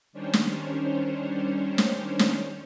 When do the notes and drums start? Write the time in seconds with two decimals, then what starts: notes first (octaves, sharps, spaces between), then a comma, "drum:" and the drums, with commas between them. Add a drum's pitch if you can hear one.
0.13 D#3 G3 C#4 D4 C5 C#5
0.33 drum: snare
1.78 drum: snare
2.19 drum: snare